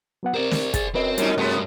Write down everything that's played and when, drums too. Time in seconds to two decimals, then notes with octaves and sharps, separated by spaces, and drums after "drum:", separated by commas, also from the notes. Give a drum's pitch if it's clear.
0.23 F#3 B3 F#5
0.34 C4 G4 A#4 C5 D5
0.51 drum: snare
0.74 G#4 A6, drum: kick, hi-hat
0.95 F#2 C4 B4 D#5
1.18 F#2 A2 G3 C#4 D#4, drum: hi-hat
1.38 G2 C3 A3 B3 C6